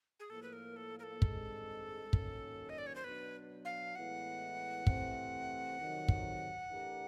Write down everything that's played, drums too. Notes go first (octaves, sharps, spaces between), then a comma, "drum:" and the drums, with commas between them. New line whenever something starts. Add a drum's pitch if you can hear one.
G#4
A2 F3 A#3 A4
B4
A#4
A4
A#4
A4
G2 D#3 G#3 C4, drum: kick
D#3 F#3 A#3 C#4, drum: kick
D#5
D5
C#5
C5
B2 F#3 B3 D4 B4
F5
A2 E3 G#3 B3 E4 F#5
C3 E3 A3 C4, drum: kick
F2 C3 D#3 F#3
drum: kick
E3 A3 D4 G4 A#4